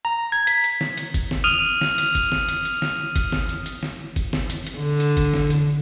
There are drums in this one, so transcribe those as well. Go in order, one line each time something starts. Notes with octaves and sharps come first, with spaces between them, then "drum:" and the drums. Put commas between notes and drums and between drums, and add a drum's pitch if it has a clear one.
A#5
G#6
B6, drum: hi-hat
drum: hi-hat
drum: snare
drum: hi-hat
drum: kick G1, hi-hat
drum: snare
D#6 F6 D#7 F7
drum: snare
drum: hi-hat
drum: kick G1, hi-hat
drum: snare
drum: hi-hat
drum: hi-hat
drum: snare
drum: kick G1, hi-hat
drum: snare
drum: hi-hat
drum: hi-hat
drum: snare
drum: kick G1, hi-hat
drum: snare
drum: hi-hat
drum: hi-hat
D3
drum: hi-hat
drum: kick G1, hi-hat
drum: snare
drum: hi-hat